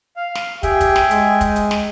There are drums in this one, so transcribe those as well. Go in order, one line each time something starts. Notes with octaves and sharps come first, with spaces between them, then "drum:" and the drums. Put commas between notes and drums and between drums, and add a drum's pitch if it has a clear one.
F5
drum: snare
G4 G#4 E5 G5, drum: kick, hi-hat
drum: kick, hi-hat
drum: snare
G#3, drum: hi-hat
drum: kick, hi-hat
drum: hi-hat
drum: snare